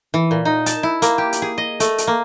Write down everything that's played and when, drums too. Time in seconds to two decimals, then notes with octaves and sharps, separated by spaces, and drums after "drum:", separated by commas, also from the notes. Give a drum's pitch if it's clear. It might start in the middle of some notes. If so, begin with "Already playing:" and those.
0.14 E3
0.31 A#2
0.45 D#4
0.66 A5, drum: hi-hat
0.83 E4
1.02 A#3, drum: hi-hat
1.18 G4
1.33 drum: hi-hat
1.42 G#4
1.58 D#5
1.80 A3, drum: hi-hat
1.98 drum: hi-hat
2.07 A#3